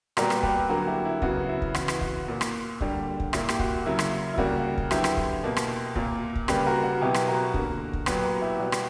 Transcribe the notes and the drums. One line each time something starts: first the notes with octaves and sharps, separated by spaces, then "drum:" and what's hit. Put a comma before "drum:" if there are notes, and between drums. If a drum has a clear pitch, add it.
A#2 G3 B3 F#4 A#4, drum: rim click
drum: rim click
G4 B4, drum: kick
D3 F#3 A#3 F#4 A#4
E4 G4
E4
C#3 F#3 B3 F#4, drum: kick
E4
drum: kick
C#3 E3 B3 F#4, drum: rim click
drum: rim click
F#4, drum: kick
A#2 A#3
drum: rim click
D3 G3 A#3, drum: kick
drum: kick
A#2 A#3 E4, drum: rim click
G4, drum: rim click
F#4, drum: kick
C#3 F#3 A#3 E4
drum: rim click
E4
C#3 G3 A#3 F#4, drum: kick
drum: kick
D3 F#3 B3 E4 G4, drum: rim click
drum: rim click
drum: kick
B2 A#3
drum: rim click
A#2 A#3, drum: kick
drum: kick
C#3 G3 A#3 G4 B4, drum: rim click
F#4 A#4
F#4
B2 F#3 B3 E4 G4
drum: rim click
F#4 A#4
D3 A#3, drum: kick
drum: kick
A#2 F#3 B3 G4 B4, drum: rim click
F#4 A#4
E4 G4
B2 G3 B3 F#4
drum: rim click